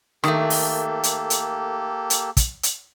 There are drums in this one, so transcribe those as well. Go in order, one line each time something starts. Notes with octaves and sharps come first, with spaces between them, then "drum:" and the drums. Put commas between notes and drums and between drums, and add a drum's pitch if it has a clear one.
D#3 A3 A#3 G4 A4, drum: rim click
drum: open hi-hat
drum: hi-hat
drum: hi-hat
drum: hi-hat
drum: kick, hi-hat
drum: hi-hat